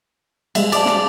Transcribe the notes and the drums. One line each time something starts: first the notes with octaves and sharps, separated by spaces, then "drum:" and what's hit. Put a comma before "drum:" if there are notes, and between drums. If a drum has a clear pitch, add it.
G3 G#3 G#4 E5, drum: cymbal
G#4 D5 A5 D6 A6, drum: cymbal
drum: snare